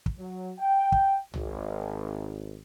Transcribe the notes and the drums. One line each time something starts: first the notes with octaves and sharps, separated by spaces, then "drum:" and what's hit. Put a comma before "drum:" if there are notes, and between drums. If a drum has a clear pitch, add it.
drum: kick
F#3
G5
drum: kick
G#1, drum: tom C2